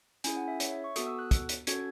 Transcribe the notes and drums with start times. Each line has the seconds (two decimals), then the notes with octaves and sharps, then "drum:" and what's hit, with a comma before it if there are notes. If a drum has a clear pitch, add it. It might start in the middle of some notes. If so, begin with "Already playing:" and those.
0.24 C#4 E4 G#4 G#5, drum: hi-hat
0.37 F#5
0.48 E5
0.60 C#5, drum: hi-hat
0.71 E5
0.84 C#6
0.96 B3 F#4 A4 D#6, drum: hi-hat
1.07 E6
1.19 F#6
1.31 drum: kick, hi-hat
1.49 drum: hi-hat
1.67 C#4 F#4 A4 G#6, drum: hi-hat